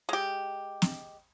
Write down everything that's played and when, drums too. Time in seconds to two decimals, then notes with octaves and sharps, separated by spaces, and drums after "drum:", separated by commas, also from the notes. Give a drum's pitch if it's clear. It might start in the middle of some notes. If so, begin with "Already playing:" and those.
0.09 G#3 G4
0.82 drum: snare